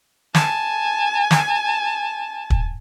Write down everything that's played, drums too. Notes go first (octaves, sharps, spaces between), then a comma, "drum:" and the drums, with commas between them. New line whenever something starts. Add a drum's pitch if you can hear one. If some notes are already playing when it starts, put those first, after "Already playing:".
G#5 A5, drum: snare
drum: snare
drum: kick